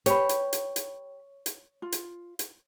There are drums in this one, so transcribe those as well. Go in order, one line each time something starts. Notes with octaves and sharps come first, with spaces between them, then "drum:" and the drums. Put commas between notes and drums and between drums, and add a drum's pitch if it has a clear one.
G4 B4 C#5 B5, drum: hi-hat
drum: hi-hat
drum: hi-hat
drum: hi-hat
drum: hi-hat
F4
drum: hi-hat
drum: hi-hat